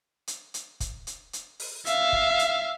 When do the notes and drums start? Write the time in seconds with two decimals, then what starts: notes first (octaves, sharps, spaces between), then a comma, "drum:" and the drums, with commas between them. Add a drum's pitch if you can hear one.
0.28 drum: hi-hat
0.54 drum: hi-hat
0.80 drum: kick, hi-hat
1.07 drum: hi-hat
1.33 drum: hi-hat
1.60 drum: open hi-hat
1.86 E5 F5, drum: hi-hat
2.13 drum: kick
2.39 drum: hi-hat